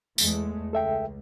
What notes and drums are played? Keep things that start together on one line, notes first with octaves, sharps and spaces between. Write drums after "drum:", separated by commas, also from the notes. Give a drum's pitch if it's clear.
E2 G#3 A3, drum: tambourine
C#2 A4 E5 G5